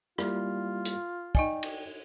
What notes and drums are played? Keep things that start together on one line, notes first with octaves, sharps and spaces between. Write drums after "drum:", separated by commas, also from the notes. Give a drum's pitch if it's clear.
G3 A#3 E4 F4, drum: rim click
drum: hi-hat
D#4 D5 D#5 G5 G#5, drum: kick
drum: cymbal